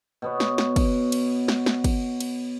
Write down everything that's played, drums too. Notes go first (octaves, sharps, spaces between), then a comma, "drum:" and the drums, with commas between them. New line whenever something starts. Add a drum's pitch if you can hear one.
B2 B3 C#5
drum: snare
drum: snare
drum: kick, cymbal
drum: cymbal
drum: snare
drum: snare
drum: kick, cymbal
drum: cymbal